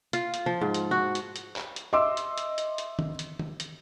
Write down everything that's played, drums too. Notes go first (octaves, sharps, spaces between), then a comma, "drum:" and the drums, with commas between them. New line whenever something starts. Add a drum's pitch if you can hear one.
F4, drum: hi-hat
drum: hi-hat
F3
G#2
drum: hi-hat
F#4
drum: hi-hat
drum: hi-hat
drum: clap
drum: hi-hat
D#5 E5 C6 D6 E6
drum: hi-hat
drum: hi-hat
drum: hi-hat
drum: hi-hat
drum: tom D#3
drum: hi-hat
drum: tom D#3
drum: hi-hat